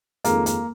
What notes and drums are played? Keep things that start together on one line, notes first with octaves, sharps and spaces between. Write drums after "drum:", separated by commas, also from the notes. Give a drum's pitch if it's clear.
F2 D#3 G#3 A#3, drum: hi-hat
A#3, drum: hi-hat